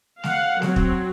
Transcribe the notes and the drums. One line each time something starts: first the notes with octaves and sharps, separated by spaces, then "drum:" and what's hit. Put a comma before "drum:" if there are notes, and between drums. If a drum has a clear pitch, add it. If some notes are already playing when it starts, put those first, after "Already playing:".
F5 F#5, drum: snare
F#3 C4, drum: snare
drum: kick